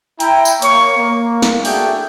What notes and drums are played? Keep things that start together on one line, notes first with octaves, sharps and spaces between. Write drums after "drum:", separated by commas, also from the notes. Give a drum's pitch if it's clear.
E4 G5 A#5, drum: hi-hat
drum: tambourine
A#3 C#5 C#6, drum: hi-hat
A#3
drum: snare
A3 D4 F#4 G#4 E5 G5, drum: open hi-hat